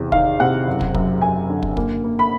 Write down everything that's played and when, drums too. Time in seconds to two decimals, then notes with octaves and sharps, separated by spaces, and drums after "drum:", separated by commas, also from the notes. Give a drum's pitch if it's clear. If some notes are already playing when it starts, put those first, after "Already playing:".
Already playing: E2 C3
0.12 D#3 F5, drum: kick
0.40 C3 F#5
0.67 F#1
0.81 drum: kick
0.94 F#2, drum: kick
1.22 F#2 G#5
1.50 D3
1.63 drum: kick
1.77 A#3, drum: kick
2.04 A#3
2.19 B5